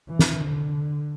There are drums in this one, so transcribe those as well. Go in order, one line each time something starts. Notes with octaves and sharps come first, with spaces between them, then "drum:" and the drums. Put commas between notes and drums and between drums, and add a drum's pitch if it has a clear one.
E3
drum: snare
D3